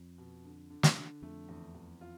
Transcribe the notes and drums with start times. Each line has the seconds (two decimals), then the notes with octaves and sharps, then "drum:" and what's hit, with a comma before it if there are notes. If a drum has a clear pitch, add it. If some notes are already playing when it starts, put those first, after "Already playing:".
Already playing: F2
0.18 B2
0.45 D3
0.70 D3
0.83 drum: snare
0.96 D3
1.22 F2 A3
1.49 E2
1.74 E2
2.01 F4